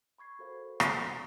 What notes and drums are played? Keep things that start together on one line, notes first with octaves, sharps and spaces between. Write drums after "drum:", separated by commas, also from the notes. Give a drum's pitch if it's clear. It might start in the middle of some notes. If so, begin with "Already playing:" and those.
B5 C#6 G#6 C7
F#4 A4 A#4 C5 F5
drum: rim click